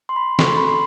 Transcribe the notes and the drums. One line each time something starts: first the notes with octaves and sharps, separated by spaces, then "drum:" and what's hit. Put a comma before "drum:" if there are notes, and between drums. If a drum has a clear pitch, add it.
C6
B5
A3 D4 F#4 A4 C#6, drum: snare
C6
B5
C6